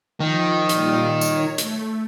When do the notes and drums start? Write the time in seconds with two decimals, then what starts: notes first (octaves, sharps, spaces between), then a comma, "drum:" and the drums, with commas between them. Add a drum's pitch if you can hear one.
0.21 D#3 F3
0.69 A#2 G3 F4, drum: hi-hat
1.21 C#5, drum: tambourine
1.58 A3, drum: hi-hat